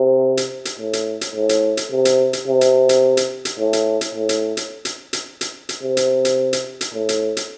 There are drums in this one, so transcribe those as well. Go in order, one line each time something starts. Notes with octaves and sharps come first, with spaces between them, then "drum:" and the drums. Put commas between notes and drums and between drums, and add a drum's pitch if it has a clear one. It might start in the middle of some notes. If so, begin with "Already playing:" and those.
Already playing: C3
drum: hi-hat
drum: hi-hat
A2
drum: hi-hat
drum: hi-hat
A2
drum: hi-hat
drum: hi-hat
C3
drum: hi-hat
drum: hi-hat
C3
drum: hi-hat
drum: hi-hat
drum: hi-hat
drum: hi-hat
A2
drum: hi-hat
drum: hi-hat
A2
drum: hi-hat
drum: hi-hat
drum: hi-hat
drum: hi-hat
drum: hi-hat
drum: hi-hat
C3
drum: hi-hat
drum: hi-hat
drum: hi-hat
drum: hi-hat
A2
drum: hi-hat
drum: hi-hat